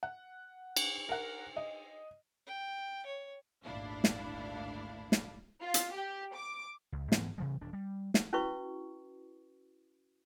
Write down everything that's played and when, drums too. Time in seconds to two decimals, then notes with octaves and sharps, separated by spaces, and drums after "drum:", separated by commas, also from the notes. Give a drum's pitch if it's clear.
0.03 F#5
0.76 drum: cymbal
1.09 A#4 F#5
1.57 D#5
2.47 G5
3.06 C#5
3.65 G#1 D2 A#2 D4 E4 F5
4.04 drum: snare
5.12 drum: snare
5.60 F4
5.74 drum: hi-hat
5.92 G4
6.34 D6
6.92 C#2
7.12 G#2 E3 B3 C4, drum: snare
7.38 C3 E3 G3
7.61 D#1 D4
7.73 G3
8.14 drum: snare
8.33 C#4 E4 F#4 B4 C#6